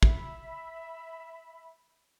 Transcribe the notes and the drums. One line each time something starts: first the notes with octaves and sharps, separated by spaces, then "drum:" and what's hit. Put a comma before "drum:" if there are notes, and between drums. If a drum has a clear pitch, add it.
E5 B5, drum: kick